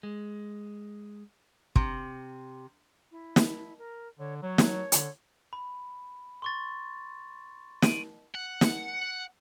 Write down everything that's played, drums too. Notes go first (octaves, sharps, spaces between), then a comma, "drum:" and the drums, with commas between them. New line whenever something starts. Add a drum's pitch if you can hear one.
G#3
C3, drum: kick
E4
drum: snare
A#4
D3 C#5
F#3 C#5
drum: snare
D3, drum: hi-hat
B5
C6 C#6 A6
D7 D#7 F#7, drum: snare
F#5
drum: snare